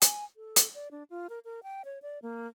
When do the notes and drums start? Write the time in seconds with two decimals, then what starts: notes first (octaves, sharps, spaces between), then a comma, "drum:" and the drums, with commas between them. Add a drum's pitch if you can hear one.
0.02 G#5, drum: hi-hat
0.36 A4
0.56 drum: hi-hat
0.74 D5
0.91 D4
1.10 F4
1.29 A#4
1.45 A#4
1.63 G5
1.85 C#5
2.02 D5
2.22 A#3